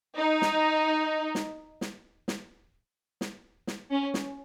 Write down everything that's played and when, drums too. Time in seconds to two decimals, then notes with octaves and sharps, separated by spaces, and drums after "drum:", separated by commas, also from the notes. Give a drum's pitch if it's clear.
0.19 D#4
0.42 drum: snare
1.35 drum: snare
1.81 drum: snare
2.28 drum: snare
3.21 drum: snare
3.67 drum: snare
3.90 C#4
4.14 drum: snare